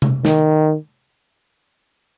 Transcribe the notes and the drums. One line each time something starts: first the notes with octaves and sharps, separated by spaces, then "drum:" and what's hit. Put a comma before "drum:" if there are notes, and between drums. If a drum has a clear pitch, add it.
drum: tom C3
D#3, drum: snare